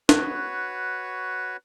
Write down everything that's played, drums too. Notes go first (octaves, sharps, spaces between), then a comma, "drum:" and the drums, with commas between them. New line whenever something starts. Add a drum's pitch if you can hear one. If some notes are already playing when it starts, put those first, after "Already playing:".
F#4 B4 C#5, drum: snare